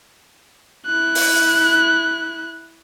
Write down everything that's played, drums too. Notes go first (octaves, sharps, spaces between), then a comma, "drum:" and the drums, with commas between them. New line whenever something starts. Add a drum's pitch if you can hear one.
E4 F#6
drum: open hi-hat